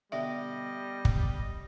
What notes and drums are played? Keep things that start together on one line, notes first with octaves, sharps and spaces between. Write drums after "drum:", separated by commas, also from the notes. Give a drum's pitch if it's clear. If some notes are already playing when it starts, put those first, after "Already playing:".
B2 D3 G3 G4 D#5 E5
drum: kick